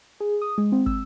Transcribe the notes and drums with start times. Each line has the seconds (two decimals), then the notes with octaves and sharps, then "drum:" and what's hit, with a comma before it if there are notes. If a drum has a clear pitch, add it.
0.20 G#4
0.42 D#6
0.58 G#3
0.72 C4
0.86 E6, drum: kick